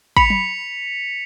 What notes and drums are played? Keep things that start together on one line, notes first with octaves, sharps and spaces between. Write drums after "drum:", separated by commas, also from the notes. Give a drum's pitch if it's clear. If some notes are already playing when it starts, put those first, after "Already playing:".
B5 B6 C#7 F7, drum: kick
drum: tom F#3